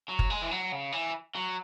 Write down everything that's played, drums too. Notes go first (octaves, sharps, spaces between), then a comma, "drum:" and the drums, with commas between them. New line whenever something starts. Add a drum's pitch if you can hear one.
F#3
drum: kick
G#3
E3
F#3
C#3
E3
F#3